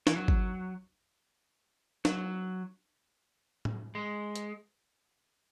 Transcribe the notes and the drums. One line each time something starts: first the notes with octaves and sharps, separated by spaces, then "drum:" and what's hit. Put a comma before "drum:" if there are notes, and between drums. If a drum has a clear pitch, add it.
E3, drum: snare
F#3
drum: kick
F#3, drum: snare
drum: tom A2
G#3
drum: hi-hat